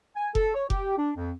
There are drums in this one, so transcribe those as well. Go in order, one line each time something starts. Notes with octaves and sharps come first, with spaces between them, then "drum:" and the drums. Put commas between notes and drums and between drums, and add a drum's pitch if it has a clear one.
G#5
A4, drum: kick F1
C#5
G4, drum: kick F1
D4
F2